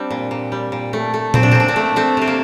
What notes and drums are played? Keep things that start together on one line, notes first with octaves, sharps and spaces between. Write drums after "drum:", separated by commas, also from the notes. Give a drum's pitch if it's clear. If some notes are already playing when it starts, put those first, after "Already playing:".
Already playing: G3 C4 D4
A#2
A#2
G3
A#2
A3
A3
A#2 C4, drum: tom A#2
D4
A#2 C4
D4
C4
A3
A3 C4
C3 C4
A#3